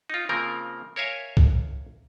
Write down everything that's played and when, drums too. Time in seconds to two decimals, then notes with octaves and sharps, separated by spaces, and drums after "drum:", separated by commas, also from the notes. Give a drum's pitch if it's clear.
0.10 D#4 F4
0.29 C#3 F3 A#3 C4 A#4
0.96 A#4 C#5 E5 F5 G#5
1.37 drum: kick